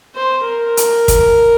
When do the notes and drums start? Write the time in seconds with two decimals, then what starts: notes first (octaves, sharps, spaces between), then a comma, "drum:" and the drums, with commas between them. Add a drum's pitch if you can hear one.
0.15 C5
0.46 A#4
0.77 drum: hi-hat
1.08 drum: kick, hi-hat